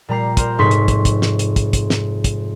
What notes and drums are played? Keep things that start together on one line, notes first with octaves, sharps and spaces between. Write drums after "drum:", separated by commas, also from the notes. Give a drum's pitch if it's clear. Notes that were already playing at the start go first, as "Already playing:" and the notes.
A#2 G3 A#5 C7
A#4 C5, drum: kick, hi-hat
F1 G#2 C6 C#6 B6
drum: hi-hat
drum: kick, hi-hat
drum: kick, hi-hat
drum: snare
drum: hi-hat
drum: kick, hi-hat
drum: kick, hi-hat
drum: snare
drum: kick, hi-hat